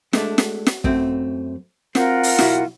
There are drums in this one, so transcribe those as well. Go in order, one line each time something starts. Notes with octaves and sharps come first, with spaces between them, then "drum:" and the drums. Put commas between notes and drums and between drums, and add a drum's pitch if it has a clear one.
G#3 A3 D4, drum: snare
drum: snare
drum: snare
F#2 A3 C4, drum: kick
C4 F4 A#4 F#5, drum: snare
drum: open hi-hat
B1 E4 F#4, drum: snare